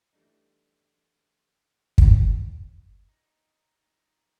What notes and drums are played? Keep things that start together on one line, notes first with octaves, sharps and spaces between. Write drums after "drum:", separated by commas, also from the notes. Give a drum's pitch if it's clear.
E3 G3 A3 D4 D#4
drum: kick
D#4